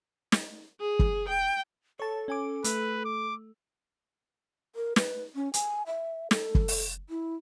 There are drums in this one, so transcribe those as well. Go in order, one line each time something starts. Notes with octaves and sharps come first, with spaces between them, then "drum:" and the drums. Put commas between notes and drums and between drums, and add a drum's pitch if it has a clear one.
drum: snare
G#4
drum: kick
G5
A4 C#5 A5
C#4 G#5 D6
A3 B4, drum: hi-hat
D6
A#4
B4, drum: snare
C#4
G#5, drum: hi-hat
E5
A4, drum: snare
drum: kick
drum: open hi-hat
E4